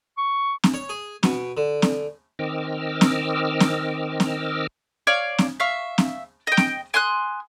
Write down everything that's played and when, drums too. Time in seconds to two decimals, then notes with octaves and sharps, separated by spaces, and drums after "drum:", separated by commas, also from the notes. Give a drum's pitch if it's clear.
0.18 C#6
0.64 drum: snare C4
0.74 C#5
0.89 G#4
1.23 B2, drum: snare C4
1.57 D3
1.82 drum: snare C4
2.39 D#3 C4 D#5 D6 E6 F6
3.01 drum: snare C4
3.60 drum: snare C4
4.20 drum: snare C4
5.07 C#5 D5 F5
5.38 drum: snare C4
5.60 E5 F5 C#6
5.98 drum: snare C4
6.47 D#5 G5
6.57 drum: snare C4
6.94 G#5 C6 D#6 F#6